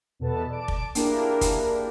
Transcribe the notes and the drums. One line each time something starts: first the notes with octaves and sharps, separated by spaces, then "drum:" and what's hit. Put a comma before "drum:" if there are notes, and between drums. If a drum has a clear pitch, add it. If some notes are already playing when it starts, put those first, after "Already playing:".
E2 B2 A4 B4 A5
D5 A5 D7
drum: kick
A#3 D4 E4 G4 G#4 A#4, drum: hi-hat
drum: kick, hi-hat